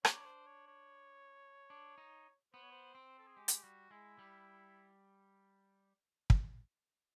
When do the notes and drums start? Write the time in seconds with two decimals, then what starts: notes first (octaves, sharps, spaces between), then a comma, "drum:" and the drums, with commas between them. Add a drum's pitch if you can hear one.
0.05 D4 C#5, drum: rim click
0.20 C#5
0.26 C5
0.47 C#5
0.67 C#5
1.70 D4
1.98 D#4
2.54 B3 C5
2.63 C#5
2.72 C5
2.95 C4
3.19 A4
3.27 G#4
3.36 G#3 G4
3.48 drum: hi-hat
3.63 G3 F#4
3.91 G#3 E4
4.19 G3
6.30 drum: kick